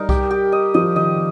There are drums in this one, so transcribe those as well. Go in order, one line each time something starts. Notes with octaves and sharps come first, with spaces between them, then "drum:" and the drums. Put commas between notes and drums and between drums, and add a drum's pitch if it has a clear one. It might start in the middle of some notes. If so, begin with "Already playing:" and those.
Already playing: G3 D#4 A#4
G4, drum: kick C2
G4
D#5
F3 D#5
D#3 D#5